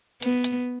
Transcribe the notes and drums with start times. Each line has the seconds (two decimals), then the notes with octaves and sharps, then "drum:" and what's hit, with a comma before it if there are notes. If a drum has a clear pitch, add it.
0.22 B3, drum: hi-hat
0.44 drum: hi-hat